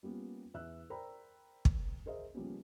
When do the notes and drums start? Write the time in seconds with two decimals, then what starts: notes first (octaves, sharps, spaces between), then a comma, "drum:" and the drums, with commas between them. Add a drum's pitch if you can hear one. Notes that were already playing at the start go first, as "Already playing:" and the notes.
0.03 G3 A#3 B3 C#4 F4
0.54 E2 E5 E6 F#6
0.90 A#4 C5 D5 G5 A#5 B5
1.65 drum: kick
2.06 G#4 A#4 C5 D#5 E5
2.34 C#3 F3 G3 A#3 B3 C#4